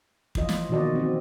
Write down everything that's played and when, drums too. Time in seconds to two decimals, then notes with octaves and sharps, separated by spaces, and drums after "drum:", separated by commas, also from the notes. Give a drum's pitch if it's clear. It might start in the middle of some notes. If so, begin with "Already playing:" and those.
0.35 E3 F3 F4 D#5, drum: kick
0.49 drum: snare
0.69 B2 D#3 A#3 F#4 D5 D#5
0.95 C4 F#4